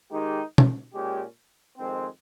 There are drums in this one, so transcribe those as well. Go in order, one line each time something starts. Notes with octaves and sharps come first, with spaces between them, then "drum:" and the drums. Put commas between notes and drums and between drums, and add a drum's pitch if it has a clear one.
D#3 G#3 D#4 G4
drum: tom B2
A#2 G#3 C#4 G4
F2 D#3 G#3 C4